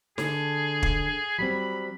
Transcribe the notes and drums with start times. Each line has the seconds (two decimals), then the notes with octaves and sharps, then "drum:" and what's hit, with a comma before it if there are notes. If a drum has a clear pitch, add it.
0.18 D3 G#4 A4, drum: snare
0.83 drum: kick
1.39 F#3 G3 C4 B5